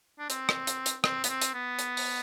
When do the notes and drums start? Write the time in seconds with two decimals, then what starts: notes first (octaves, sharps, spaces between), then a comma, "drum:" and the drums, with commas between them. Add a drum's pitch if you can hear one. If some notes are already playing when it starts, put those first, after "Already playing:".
0.19 D4
0.30 C4, drum: hi-hat
0.49 drum: rim click
0.67 drum: hi-hat
0.86 drum: hi-hat
1.04 C4, drum: rim click
1.24 B3, drum: hi-hat
1.29 C4
1.42 drum: hi-hat
1.54 B3
1.79 drum: hi-hat
1.97 drum: open hi-hat